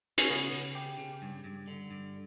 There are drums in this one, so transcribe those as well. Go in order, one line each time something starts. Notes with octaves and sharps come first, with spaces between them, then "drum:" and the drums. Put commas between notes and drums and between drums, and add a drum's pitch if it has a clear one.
C#4, drum: hi-hat
C#3 B3
C#3
G4
C#3
G2
G2
D3
G2